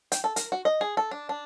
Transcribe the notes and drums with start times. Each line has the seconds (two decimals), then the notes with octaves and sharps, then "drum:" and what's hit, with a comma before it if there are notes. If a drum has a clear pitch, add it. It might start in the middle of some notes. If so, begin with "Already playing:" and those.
0.12 G5, drum: hi-hat
0.24 A4
0.36 A#4, drum: hi-hat
0.52 F#4
0.65 D#5
0.81 G#4
0.97 A4
1.11 D4
1.29 D4